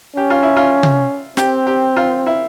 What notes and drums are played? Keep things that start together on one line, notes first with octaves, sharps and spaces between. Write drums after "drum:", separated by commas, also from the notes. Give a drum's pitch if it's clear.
C#4 G4
F4
E4
F4
drum: tom C3
C4 G4, drum: snare
G4
F4
E4